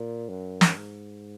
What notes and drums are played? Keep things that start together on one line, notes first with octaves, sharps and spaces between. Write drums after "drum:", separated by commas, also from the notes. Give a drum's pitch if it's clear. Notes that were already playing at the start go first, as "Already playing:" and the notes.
Already playing: A#2
F#2
drum: snare
G#2